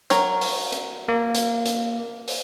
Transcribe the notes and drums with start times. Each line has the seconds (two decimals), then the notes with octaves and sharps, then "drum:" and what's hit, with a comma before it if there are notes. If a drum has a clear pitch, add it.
0.10 F#3 A#4 C#5, drum: hi-hat
0.41 drum: open hi-hat
0.72 drum: hi-hat
1.08 A#3
1.35 drum: hi-hat
1.66 drum: hi-hat
2.28 drum: open hi-hat